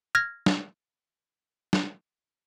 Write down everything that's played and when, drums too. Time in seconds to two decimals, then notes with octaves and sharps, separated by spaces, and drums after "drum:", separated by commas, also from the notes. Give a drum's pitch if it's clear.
0.15 F6 G#6 A#6
0.46 drum: snare
1.73 drum: snare